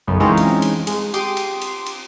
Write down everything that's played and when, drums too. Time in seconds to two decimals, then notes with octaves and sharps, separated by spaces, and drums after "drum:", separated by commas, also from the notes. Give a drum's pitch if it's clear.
0.07 B1 F#2 C#3 B3
0.20 E3 G#3 C4 C#4 D#4 F4
0.37 drum: cymbal
0.62 drum: cymbal
0.87 G#3, drum: cymbal
1.14 G4 C6 D6 D#6, drum: cymbal
1.37 drum: cymbal
1.62 drum: cymbal
1.86 drum: cymbal